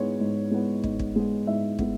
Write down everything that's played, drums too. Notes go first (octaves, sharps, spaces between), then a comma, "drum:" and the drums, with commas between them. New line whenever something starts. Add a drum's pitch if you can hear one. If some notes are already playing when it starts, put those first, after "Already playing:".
Already playing: G#2 G#3 B3 C#5
G#2
G#3 B3
G#2, drum: kick
drum: kick
G#3 B3
G#2 E5
G#3 B3, drum: kick